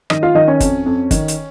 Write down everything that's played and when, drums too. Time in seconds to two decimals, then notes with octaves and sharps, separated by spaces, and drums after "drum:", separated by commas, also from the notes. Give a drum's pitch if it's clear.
0.10 D#3 D#4 D#5, drum: rim click
0.23 F4 F5
0.35 D#3 D#4 D#5
0.47 C#4 C#5
0.60 F2, drum: kick, hi-hat
0.86 F2
1.11 D#3, drum: kick, hi-hat
1.28 drum: hi-hat